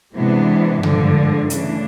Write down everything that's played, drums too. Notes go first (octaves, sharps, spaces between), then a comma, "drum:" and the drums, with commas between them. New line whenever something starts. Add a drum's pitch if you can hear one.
C3 E3 G#3 B3 D4
G2 D3 F3 G#3, drum: tom
C#3 E3 A3 D4, drum: hi-hat